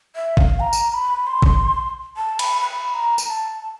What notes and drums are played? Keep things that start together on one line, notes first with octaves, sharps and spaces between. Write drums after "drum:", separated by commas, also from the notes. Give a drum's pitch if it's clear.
E5
F5, drum: kick G#1
A#5
drum: tambourine
B5
C6
drum: kick G#1
A5
B5, drum: cymbal
B5
A#5
drum: tambourine
A5
A5